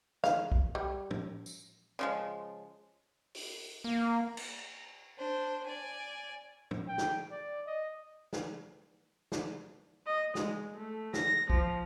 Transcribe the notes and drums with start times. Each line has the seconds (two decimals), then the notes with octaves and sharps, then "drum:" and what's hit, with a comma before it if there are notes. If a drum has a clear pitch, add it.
0.24 F5, drum: snare
0.52 drum: kick
0.75 G3
1.11 drum: tom
1.46 drum: tambourine
1.99 C#3 F3 G#3
3.35 drum: open hi-hat
3.84 A#3
4.37 drum: cymbal
5.18 D4 C5
5.66 D5 G#5
6.71 drum: tom
6.88 G5
6.98 drum: snare
7.31 D5
7.67 D#5
8.33 drum: snare
9.32 drum: snare
10.06 D#5
10.35 G#3, drum: snare
10.75 A3
11.14 A#6, drum: snare
11.50 F3, drum: kick